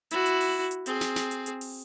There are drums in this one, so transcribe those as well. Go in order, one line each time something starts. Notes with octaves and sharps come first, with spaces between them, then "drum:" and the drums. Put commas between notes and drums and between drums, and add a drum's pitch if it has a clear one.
E4 F#4, drum: hi-hat
drum: hi-hat
drum: open hi-hat
drum: hi-hat
C4 G#4, drum: hi-hat
drum: snare
drum: snare
drum: hi-hat
drum: hi-hat
drum: open hi-hat